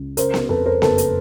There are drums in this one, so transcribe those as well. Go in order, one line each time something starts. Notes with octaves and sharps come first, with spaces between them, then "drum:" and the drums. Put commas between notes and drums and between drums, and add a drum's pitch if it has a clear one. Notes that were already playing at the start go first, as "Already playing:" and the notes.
Already playing: C#2
C#3 A#4 C5, drum: hi-hat
drum: snare B3
F2 A4 B4
A#4 C5
F#1 A4 B4, drum: snare B3
drum: hi-hat